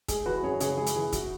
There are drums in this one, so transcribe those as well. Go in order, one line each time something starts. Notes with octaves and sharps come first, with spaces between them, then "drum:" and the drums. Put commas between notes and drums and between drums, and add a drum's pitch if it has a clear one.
G#3 G#4, drum: kick, hi-hat
E3 F#4 B4
F#2 G#4 C#5
C#3 G#4 C#5, drum: hi-hat
G#3 G#4
drum: hi-hat
E3 G#4
F#4, drum: kick, hi-hat